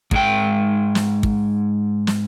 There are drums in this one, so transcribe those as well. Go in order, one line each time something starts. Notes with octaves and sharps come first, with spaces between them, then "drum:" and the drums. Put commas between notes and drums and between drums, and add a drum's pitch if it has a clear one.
G#2 G#3 G5, drum: kick
drum: snare
drum: kick
drum: snare